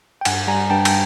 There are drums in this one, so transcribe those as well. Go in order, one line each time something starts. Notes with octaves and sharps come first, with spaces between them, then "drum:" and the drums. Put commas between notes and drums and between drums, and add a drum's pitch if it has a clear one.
G5
G2 F#5 G#5, drum: cymbal
G3 G#5 A#5
G2 G5 A5
G5, drum: cymbal